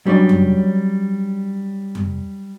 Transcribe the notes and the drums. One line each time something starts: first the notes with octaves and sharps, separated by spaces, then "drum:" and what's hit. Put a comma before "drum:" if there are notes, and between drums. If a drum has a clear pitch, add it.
F#3 G3 C#4 D4 D5
drum: tom F2
drum: tom F2